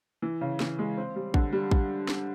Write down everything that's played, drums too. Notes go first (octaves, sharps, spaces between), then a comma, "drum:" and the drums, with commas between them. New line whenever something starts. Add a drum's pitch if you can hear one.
E3
C#3
E3, drum: snare
G#3
C4
G3
D3, drum: kick
G3
drum: kick
drum: snare